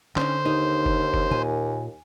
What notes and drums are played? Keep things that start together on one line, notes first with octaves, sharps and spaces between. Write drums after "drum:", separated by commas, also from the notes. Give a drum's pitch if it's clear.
D3 C#4 D#4 C5, drum: clap
D#2 D#4
drum: kick F#1
drum: kick F#1
A#2 G#5